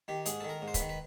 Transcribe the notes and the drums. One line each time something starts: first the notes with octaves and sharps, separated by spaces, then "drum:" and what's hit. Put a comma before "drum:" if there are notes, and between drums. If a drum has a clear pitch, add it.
D#3 G4
G#2 G#4, drum: hi-hat
A4
D#3 A#4
G#2
C5
B4, drum: kick, hi-hat
D#3
B4